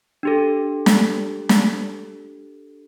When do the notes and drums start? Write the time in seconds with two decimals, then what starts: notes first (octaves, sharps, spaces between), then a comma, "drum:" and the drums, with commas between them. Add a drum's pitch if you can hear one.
0.23 D4 G4 A4
0.86 drum: snare
1.49 drum: snare